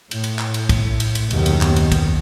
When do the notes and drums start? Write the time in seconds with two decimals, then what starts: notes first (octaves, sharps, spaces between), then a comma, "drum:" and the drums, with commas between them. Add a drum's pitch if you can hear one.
0.11 A2, drum: cymbal
0.24 drum: cymbal
0.39 drum: clap
0.54 drum: cymbal
0.69 drum: kick, cymbal
1.00 drum: cymbal
1.15 drum: cymbal
1.31 F#1 D#2 B2 D#3, drum: cymbal
1.46 drum: cymbal
1.61 drum: clap
1.76 drum: cymbal
1.92 drum: kick, cymbal